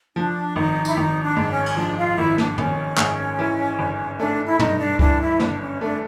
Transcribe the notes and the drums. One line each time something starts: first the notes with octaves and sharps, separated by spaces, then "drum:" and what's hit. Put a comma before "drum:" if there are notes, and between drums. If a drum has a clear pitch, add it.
F3 D4
G#1 D#4
E4, drum: tambourine
G#1 D#4
D4
G#2
C#4
drum: cymbal
F3 D4
F4
G#1 E4
D4, drum: snare
G#1 C#4, drum: tom
G#2, drum: clap
E3
G1
A3 D4
E4
G2 D#4, drum: tom
D4
E3 D4, drum: kick C#2
E4
G1 D4, drum: snare
C#4
A3 D4